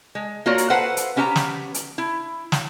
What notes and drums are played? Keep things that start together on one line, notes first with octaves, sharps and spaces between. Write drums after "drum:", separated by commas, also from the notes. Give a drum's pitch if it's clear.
G#3
A#3 F4 F#4 A#4 C#5 D5
drum: hi-hat
A4 B4 C5 F5 F#5
drum: hi-hat
B3 C#4 G4 F#5 A#5
drum: snare
drum: hi-hat
E4
drum: snare